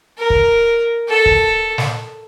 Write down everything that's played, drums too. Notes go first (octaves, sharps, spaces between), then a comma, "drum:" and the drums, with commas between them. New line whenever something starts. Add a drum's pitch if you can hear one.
A#4
drum: kick
A4
drum: kick
drum: snare